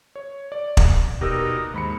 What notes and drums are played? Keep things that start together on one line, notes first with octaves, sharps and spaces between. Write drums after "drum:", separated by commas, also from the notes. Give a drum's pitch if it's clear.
C#5
D5
drum: kick
B2 D#4 G4 A#4 E6
D#2 G#2 B5 C#7